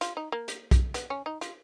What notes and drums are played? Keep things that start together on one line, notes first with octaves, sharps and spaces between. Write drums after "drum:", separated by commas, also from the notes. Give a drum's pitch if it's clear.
F4, drum: hi-hat
D#4
A#3
drum: hi-hat
drum: kick B1, hi-hat
B3, drum: hi-hat
C#4
D#4
F4, drum: hi-hat